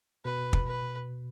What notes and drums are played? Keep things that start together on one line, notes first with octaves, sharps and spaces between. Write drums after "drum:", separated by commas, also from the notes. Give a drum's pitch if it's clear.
B2 B4
drum: kick
B4